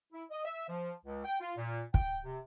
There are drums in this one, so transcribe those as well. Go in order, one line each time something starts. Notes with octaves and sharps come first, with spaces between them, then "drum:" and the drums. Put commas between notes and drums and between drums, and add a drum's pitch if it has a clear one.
E4
D#5
E5
F3
C#2
G5
F4
A#2
G5, drum: kick
C3